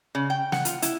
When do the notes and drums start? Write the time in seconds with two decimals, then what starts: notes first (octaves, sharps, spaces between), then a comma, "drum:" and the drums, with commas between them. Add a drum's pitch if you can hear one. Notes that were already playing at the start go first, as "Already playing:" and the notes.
0.15 C#3
0.30 G5
0.52 F#5, drum: snare
0.65 F4, drum: hi-hat
0.82 E4, drum: hi-hat